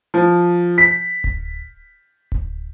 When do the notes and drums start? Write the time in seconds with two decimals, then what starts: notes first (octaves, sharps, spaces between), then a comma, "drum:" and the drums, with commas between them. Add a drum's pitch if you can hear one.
0.14 F3
0.78 B6
1.24 drum: kick D1
2.32 drum: kick D1